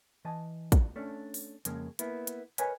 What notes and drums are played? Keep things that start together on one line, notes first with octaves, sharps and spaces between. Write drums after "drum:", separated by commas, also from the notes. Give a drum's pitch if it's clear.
E3 D#5 A5
drum: kick, hi-hat
A3 C#4 D4
drum: open hi-hat
F2 C#3 G#3 A#3, drum: hi-hat
A#3 B3 E4, drum: hi-hat
drum: hi-hat
A#4 B4 C#5 D#5 F#5 G#5, drum: hi-hat